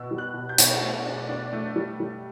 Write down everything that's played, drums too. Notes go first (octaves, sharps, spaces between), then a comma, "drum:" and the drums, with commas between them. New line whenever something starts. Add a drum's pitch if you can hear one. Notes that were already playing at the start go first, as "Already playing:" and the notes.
Already playing: B2 E6
G3
F#6
B2
G6
B2, drum: hi-hat
A3
D4
D4
A3
G3
G3